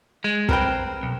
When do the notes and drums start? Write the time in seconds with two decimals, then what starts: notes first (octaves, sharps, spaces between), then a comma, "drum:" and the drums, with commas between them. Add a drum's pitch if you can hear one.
0.24 G#3
0.49 C4 A#4 B4 G5, drum: kick
1.03 B1